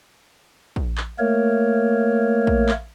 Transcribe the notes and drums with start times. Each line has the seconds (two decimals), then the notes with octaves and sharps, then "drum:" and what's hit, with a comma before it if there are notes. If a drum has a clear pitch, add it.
0.76 drum: kick
0.98 drum: clap
1.19 A3 A#3 A#4 C#5
2.47 drum: kick
2.69 drum: clap